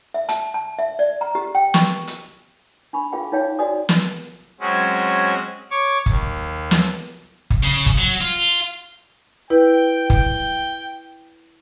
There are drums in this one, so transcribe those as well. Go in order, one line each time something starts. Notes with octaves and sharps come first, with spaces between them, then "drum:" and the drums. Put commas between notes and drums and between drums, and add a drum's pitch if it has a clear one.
E5
A5, drum: hi-hat
A5
E5
D5
A#5
G4
G5
C#6, drum: snare
drum: hi-hat
D4 B5 C#6
F4 G#4 F5 G5
D#4 F4 C#5 F5 G5
F#4 D5 D#5 G#5 D#6
drum: snare
F#3 G#3 C4 C#4
C#5 C#6 D6
D#2, drum: kick
drum: snare
drum: kick
C#3
drum: kick
F#3
F4
E4 B4 G5
drum: kick